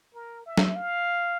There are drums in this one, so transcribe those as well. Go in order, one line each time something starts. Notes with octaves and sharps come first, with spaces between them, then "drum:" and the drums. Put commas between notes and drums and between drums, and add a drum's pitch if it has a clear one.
A#4
E5
drum: snare
F5